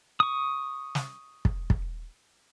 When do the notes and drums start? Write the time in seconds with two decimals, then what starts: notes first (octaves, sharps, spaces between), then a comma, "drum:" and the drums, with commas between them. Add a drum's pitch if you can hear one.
0.20 C#6 D#6
0.95 drum: snare
1.45 drum: kick
1.70 drum: kick